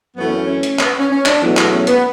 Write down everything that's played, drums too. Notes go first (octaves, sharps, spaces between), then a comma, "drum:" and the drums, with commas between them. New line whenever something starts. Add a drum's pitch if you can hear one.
F#2 E3 A3 B3
C#4
C#4
C#4
drum: hi-hat
B3, drum: clap
C#4
C#4
D4, drum: clap
E2 B2 F#3 A3 B3
drum: clap
C#4
B3, drum: hi-hat